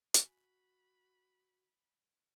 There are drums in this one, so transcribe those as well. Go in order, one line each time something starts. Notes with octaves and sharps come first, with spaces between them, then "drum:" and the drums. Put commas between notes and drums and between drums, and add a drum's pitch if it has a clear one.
F#4 G#5 B5, drum: hi-hat